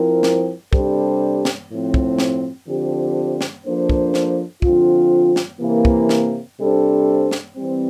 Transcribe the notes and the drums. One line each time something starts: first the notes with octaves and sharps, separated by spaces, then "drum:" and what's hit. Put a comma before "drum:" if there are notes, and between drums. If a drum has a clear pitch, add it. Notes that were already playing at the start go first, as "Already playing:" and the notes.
Already playing: F3 C4 E4 A#4
drum: snare
C3 G3 D4 A4 C5, drum: kick
drum: snare
A2 F3 C4
drum: kick
drum: snare
D3 F3 C4 G4
drum: snare
F3 A#3 D4 A4 C5
drum: kick
drum: snare
D3 F3 C4 F4, drum: kick
drum: snare
C3 E3 A#3
drum: kick
drum: snare
C3 G3 D4 A4 C5
drum: snare
E3 G3 C4